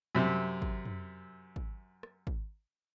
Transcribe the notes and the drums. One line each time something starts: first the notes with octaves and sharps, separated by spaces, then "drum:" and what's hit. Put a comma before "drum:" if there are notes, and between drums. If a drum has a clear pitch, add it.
F#2 C3
drum: kick G#1
drum: tom
drum: kick G#1
drum: rim click
drum: kick G#1